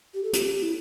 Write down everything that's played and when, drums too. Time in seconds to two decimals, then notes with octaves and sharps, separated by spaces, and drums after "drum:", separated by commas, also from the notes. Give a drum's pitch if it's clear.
0.14 G4
0.24 A4
0.33 G4, drum: hi-hat
0.62 E4